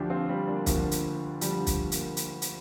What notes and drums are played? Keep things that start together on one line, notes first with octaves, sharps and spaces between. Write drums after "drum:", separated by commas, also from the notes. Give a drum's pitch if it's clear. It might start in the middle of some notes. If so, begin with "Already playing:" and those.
Already playing: D2 D3 F3 D4 G4
C4 F4
G3 C4
A#3 D4
D2 D3 F3 A#3, drum: kick, hi-hat
drum: hi-hat
D2 D3 F3 G3, drum: hi-hat
drum: kick, hi-hat
A#3, drum: hi-hat
drum: hi-hat
drum: hi-hat